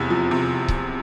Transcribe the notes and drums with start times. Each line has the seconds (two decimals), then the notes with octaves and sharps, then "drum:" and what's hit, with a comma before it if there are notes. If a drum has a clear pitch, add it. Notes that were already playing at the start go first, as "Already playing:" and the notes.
Already playing: F1 E2 C3
0.10 F3
0.31 C3
0.68 drum: kick C#1